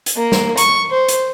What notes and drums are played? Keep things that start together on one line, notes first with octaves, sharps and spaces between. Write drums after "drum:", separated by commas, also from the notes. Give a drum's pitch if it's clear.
drum: hi-hat
A#3
drum: snare
C#6, drum: hi-hat
C5
drum: hi-hat